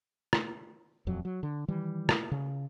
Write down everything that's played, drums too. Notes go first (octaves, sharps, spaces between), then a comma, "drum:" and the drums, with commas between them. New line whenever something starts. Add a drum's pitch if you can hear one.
drum: rim click
D#1 F2 F#3
F#3
D3
D#3 E3 G3
drum: rim click
C#3